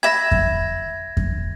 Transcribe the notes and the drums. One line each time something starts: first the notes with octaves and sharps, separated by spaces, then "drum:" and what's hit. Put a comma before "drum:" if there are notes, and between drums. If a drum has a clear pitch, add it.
E5 B5 G#6 A#6
drum: kick F2
drum: kick F2